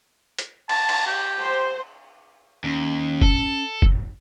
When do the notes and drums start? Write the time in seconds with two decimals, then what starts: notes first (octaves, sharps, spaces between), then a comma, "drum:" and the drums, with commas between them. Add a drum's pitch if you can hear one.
0.39 drum: hi-hat
0.69 A5, drum: cymbal
0.89 drum: cymbal
1.07 G4
1.39 C5
2.64 D#2 C#4
3.22 A4, drum: kick
3.82 drum: kick